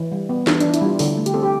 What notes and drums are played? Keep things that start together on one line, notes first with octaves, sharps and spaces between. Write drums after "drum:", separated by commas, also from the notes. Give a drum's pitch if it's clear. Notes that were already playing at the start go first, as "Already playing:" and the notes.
Already playing: E3
G3
B3
E3 F4, drum: snare
D4, drum: hi-hat
E3
E4, drum: hi-hat
G3 F4
D3 A4, drum: open hi-hat
A3
G4, drum: hi-hat
C4 A4
G4